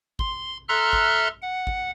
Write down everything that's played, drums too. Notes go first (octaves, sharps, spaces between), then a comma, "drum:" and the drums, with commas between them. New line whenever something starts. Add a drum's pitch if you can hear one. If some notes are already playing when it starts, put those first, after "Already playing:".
C6, drum: kick
A4 E5 A#5 C6 F6 F#6
drum: kick
F#5
drum: kick